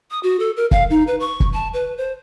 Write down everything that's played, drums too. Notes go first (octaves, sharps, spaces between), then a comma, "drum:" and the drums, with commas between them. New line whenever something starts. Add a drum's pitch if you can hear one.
D#6
F#4
A4
A#4
F5, drum: kick
D#4
B4
C#6
drum: kick
A5
B4
C5